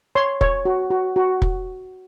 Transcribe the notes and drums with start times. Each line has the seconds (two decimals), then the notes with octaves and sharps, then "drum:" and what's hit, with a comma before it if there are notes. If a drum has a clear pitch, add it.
0.15 C#5 C6
0.41 C#5, drum: kick
0.65 F#4
0.91 F#4
1.16 F#4
1.42 drum: kick